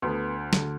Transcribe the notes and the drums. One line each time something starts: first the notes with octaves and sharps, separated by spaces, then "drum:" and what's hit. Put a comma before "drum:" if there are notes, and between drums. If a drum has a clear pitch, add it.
D2 D3 B3
D2 D3, drum: snare